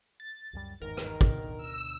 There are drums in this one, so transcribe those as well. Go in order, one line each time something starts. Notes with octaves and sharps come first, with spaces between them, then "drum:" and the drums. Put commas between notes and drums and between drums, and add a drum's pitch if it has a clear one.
A6
C#2 F#2 G3
G1 E2 G#2 D#3 A#4
drum: rim click
D2 B2 D3, drum: kick
E6